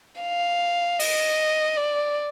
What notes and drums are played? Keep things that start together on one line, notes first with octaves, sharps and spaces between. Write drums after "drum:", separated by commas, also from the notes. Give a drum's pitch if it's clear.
F5
D#5, drum: open hi-hat
D5